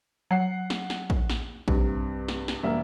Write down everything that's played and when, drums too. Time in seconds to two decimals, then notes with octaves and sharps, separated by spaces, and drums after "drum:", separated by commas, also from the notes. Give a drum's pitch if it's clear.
0.31 F#3 F#5 C7
0.70 drum: snare
0.90 drum: snare
1.10 drum: kick A#1
1.30 drum: snare
1.68 B1 G2 C3, drum: kick A#1
2.28 drum: snare
2.48 drum: snare
2.63 E1 A#3 E5